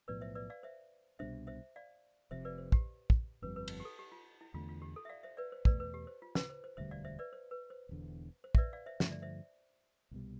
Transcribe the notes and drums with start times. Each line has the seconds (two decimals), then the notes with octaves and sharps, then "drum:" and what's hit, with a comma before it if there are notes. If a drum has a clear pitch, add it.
0.08 B1 A2 F3 B3 B4 D5
0.21 C5 E5
0.35 B4 D5
0.50 D5 F5
0.63 C5 E5
1.19 C2 B2 G3 D4 C5 E5
1.47 C5 E5
1.76 D5 F5
2.31 F1 F2 C3 C5 E5
2.45 B4 D5
2.58 C5
2.72 G4, drum: kick
3.10 drum: kick
3.42 G1 F2 D3 G3 B4
3.56 B4
3.68 drum: cymbal
3.80 G4
3.85 A4
3.99 G4
4.12 F4
4.41 E4
4.54 E2 D3 A3 F4
4.69 F4
4.82 G4
4.96 A4
5.05 E5
5.09 D5 F5
5.23 C5 E5
5.37 B4 D5
5.52 C5
5.65 E2 B2 A3 B4 D5, drum: kick
5.80 B4
5.94 G4
6.07 C5
6.22 F4
6.35 B4, drum: snare
6.50 C5
6.64 C5
6.77 E1 D2 D3 G3 C5 E5
6.91 D5 F5
7.04 C5 E5
7.19 B4 D5
7.33 C5
7.51 B4
7.70 C5
7.89 E1 E2 D3
8.44 C5
8.55 E5, drum: kick
8.58 B4 D5
8.73 D5 F5
8.86 C5 E5
9.00 G2 D3 F3 A3 E5, drum: snare
9.12 D5
9.22 C5 E5
10.11 C2 B2 G3